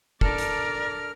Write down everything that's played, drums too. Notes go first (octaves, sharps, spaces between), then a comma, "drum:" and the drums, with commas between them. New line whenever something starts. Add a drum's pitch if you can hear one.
D4 A4 A#4 D5 F6, drum: kick
drum: hi-hat